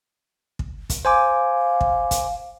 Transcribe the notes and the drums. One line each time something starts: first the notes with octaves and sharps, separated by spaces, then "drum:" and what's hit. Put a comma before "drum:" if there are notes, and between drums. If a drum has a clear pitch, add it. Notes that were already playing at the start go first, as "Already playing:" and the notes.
drum: kick
drum: kick, hi-hat
C5 F5 G#5 D6
drum: kick
drum: kick, hi-hat